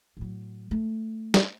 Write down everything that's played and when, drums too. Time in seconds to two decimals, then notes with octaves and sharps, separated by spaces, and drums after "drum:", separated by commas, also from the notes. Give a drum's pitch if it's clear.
0.17 A2 F#3
0.71 A3
1.34 drum: snare